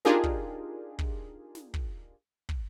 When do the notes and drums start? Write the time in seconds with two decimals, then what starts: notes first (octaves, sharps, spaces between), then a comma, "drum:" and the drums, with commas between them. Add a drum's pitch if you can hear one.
0.05 D4 D#4 F4 G4 G#4 A#4, drum: snare
0.24 drum: kick
0.99 drum: kick
1.55 drum: snare
1.74 drum: kick
2.49 drum: kick